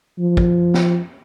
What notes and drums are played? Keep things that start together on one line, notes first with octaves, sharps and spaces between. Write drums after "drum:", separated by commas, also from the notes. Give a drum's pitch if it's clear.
F3
drum: kick
drum: snare